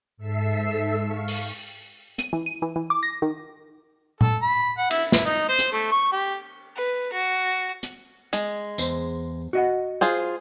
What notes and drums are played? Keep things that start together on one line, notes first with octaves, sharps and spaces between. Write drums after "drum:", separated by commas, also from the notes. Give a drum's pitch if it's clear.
G#2 A4 E5 E6 C7
F5 C#6
drum: open hi-hat
D#7, drum: hi-hat
E3
D#7
E3
E3
D6
A#6
D#3
A4, drum: tom A#2
B5
F#5
E4, drum: cymbal
E4, drum: snare
D#4
C5
drum: hi-hat
A3
C#6
G4
B4
F#4
drum: hi-hat
G#3, drum: hi-hat
E2 C5, drum: tambourine
F#4 D#5 F#5
F4 G#4 C5